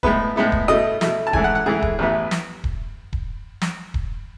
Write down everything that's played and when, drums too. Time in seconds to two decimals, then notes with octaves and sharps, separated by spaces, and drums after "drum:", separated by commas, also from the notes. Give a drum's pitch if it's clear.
0.03 A2 G#3 B3 E4 B4, drum: kick D#1
0.36 A2 G#3 B3 E4
0.52 drum: kick D#1
0.68 B2 A3 E4 D#5
1.01 B2 A3 E4, drum: snare
1.27 A5
1.33 G#2 E3 A3 E4 G#5, drum: kick D#1
1.44 F#5
1.55 F#5
1.66 G#2 E3 A3 E4 G#4
1.82 drum: kick D#1
1.99 A1 A2 E3 B3 E4
2.31 drum: snare
2.64 drum: kick D#1
3.13 drum: kick D#1
3.62 drum: snare
3.94 drum: kick D#1